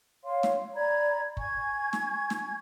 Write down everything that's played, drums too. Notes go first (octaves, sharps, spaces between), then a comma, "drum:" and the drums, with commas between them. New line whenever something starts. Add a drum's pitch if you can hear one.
C#5 F5 C6
drum: snare
D5 A#5 B5 G#6
G#5 C#6 G#6, drum: kick
drum: snare
drum: snare